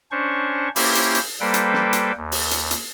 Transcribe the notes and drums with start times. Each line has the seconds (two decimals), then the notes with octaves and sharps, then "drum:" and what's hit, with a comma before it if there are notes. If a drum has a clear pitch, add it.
0.11 C#4 D4 C5 C#6
0.76 A#3 C#4 E4 G4 C5, drum: open hi-hat
0.95 drum: hi-hat
1.15 drum: hi-hat
1.41 G3 A#3 A4 B4 C5 G5
1.54 drum: hi-hat
1.73 drum: snare
1.93 drum: hi-hat
2.17 D#2
2.32 drum: open hi-hat
2.51 drum: hi-hat
2.71 drum: hi-hat